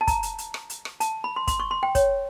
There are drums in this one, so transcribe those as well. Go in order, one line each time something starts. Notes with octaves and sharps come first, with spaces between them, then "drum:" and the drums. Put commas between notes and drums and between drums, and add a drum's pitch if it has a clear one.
A5
A#5, drum: kick, hi-hat
drum: hi-hat
drum: hi-hat
drum: rim click
drum: hi-hat
drum: rim click
A5, drum: hi-hat
B5
C6
C6, drum: kick, hi-hat
C#6
C6
G5
C#5, drum: kick, hi-hat